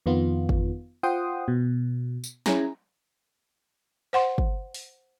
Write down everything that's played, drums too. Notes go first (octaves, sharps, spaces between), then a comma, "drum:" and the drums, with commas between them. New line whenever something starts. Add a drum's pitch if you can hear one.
F2 D#3 B3 F4
drum: kick
F4 C5 F#5 G5 C6 D#6
B2
drum: tambourine
C#4 E4 G#4 G#5 A#5, drum: snare
C5 F#5 C6
drum: kick
drum: open hi-hat